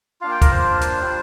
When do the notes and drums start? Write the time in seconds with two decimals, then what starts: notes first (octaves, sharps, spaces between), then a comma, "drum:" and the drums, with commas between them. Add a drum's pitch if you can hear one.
0.21 A#3 D4 F4 F5
0.31 G5
0.42 A#4, drum: kick, hi-hat
0.51 C5
0.81 drum: hi-hat
1.01 G3 D4 F4